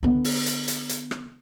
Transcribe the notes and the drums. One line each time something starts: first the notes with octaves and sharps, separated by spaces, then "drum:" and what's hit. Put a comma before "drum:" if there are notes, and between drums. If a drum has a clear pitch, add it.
D3 B3
drum: open hi-hat
drum: hi-hat
drum: hi-hat
drum: hi-hat
drum: rim click